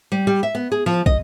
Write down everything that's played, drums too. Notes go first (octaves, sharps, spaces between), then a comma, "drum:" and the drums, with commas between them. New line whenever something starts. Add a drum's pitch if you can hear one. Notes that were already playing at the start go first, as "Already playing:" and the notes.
G3
G3
E5
B3
G#4
F3
D#5, drum: kick